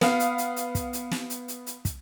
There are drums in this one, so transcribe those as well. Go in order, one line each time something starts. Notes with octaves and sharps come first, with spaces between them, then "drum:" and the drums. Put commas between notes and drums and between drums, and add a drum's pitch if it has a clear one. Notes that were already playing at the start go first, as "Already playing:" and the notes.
B3 F5, drum: snare
drum: hi-hat
drum: hi-hat
drum: hi-hat
drum: kick, hi-hat
drum: hi-hat
drum: snare
drum: hi-hat
drum: hi-hat
drum: hi-hat
drum: kick, hi-hat